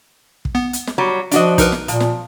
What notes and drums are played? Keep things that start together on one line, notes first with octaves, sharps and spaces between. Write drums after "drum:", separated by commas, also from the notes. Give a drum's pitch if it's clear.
drum: kick
B3
drum: hi-hat
drum: snare
F#3 G3
F3 D4 F#4 D#5, drum: hi-hat
D#4 A#4 B4, drum: kick, hi-hat
drum: snare
A#2 F3, drum: hi-hat
drum: snare